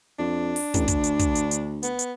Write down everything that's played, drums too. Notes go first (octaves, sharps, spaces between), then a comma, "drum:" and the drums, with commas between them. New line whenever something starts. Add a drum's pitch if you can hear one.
F2 D4
drum: open hi-hat
A1, drum: kick, hi-hat
D2, drum: kick, hi-hat
drum: hi-hat
drum: kick, hi-hat
drum: hi-hat
drum: hi-hat
B3, drum: hi-hat
drum: hi-hat